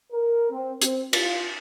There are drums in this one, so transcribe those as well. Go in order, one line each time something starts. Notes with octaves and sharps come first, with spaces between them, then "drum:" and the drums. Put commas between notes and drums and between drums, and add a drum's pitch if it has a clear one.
A#4
C4
C4, drum: hi-hat
F4, drum: cymbal